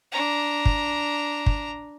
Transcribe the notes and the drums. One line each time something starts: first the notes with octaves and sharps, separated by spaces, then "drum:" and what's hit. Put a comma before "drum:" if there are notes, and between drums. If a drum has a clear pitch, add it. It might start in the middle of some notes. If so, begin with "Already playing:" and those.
D4 A#5
drum: kick
drum: kick